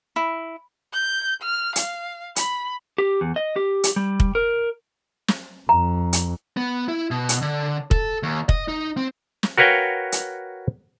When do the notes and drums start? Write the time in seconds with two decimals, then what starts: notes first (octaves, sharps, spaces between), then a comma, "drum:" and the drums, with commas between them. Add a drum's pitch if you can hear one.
0.16 E4
0.93 G6
1.42 F6
1.76 F5, drum: hi-hat
2.36 B5, drum: hi-hat
2.98 G4
3.21 E2
3.36 D#5
3.56 G4
3.84 drum: hi-hat
3.96 G3
4.20 drum: kick
4.35 A#4
5.28 drum: snare
5.69 F2 A#5
6.13 drum: hi-hat
6.57 B3
6.88 E4
7.11 B2
7.29 drum: hi-hat
7.42 D3
7.91 A4, drum: kick
8.23 D#2
8.49 D#5, drum: kick
8.68 D#4
8.97 C4
9.43 drum: snare
9.58 F#4 A#4 B4 C#5 F5 G5
10.12 drum: hi-hat